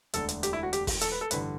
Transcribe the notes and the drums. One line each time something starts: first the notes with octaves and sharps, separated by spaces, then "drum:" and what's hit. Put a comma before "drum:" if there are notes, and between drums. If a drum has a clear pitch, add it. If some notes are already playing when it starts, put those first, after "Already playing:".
E1 D2 D3 A4, drum: hi-hat
drum: hi-hat
G4, drum: hi-hat
E4
F#4
G4, drum: hi-hat
drum: kick, open hi-hat
A4, drum: hi-hat
B4
A4
A1 G2 D3 B4, drum: hi-hat